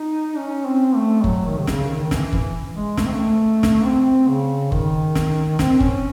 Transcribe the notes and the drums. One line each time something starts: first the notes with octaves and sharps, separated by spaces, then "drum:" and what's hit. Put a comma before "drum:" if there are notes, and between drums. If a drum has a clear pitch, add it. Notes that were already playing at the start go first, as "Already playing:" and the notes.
Already playing: D#4
C#4
C4
A3
F#3, drum: kick F#1
D#3
C3
C#3, drum: snare
D#3
D#3
E3, drum: snare
E3, drum: kick F#1
G#3
A3, drum: snare
C4
A3
drum: snare
C4
C#3
D#3, drum: kick F#1
drum: snare
C4, drum: snare
C#4, drum: kick F#1